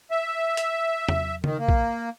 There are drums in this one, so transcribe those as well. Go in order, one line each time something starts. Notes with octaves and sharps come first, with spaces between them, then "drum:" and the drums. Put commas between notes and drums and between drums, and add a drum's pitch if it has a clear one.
E5
drum: hi-hat
drum: tom E2
D#3, drum: tom C#3
A#3
drum: kick A#1